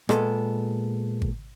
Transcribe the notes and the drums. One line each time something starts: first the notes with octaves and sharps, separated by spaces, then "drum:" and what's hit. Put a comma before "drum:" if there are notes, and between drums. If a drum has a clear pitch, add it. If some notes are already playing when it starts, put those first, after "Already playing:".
A#2 G#3 B3 A4, drum: rim click
drum: kick G#1